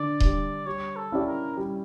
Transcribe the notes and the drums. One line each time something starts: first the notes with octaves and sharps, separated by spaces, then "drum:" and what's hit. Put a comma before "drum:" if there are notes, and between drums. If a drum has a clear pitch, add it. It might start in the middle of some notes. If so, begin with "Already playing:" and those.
Already playing: D3 D5
G3 D4, drum: kick D#1
G3 C#5
A4
C#4 E4 G4 D5
A#4
G3